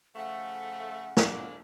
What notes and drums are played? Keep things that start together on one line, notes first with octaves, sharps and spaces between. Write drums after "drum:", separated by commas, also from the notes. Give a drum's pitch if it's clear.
C#3 F3 A3 F#5
G#3 A#3 D4, drum: snare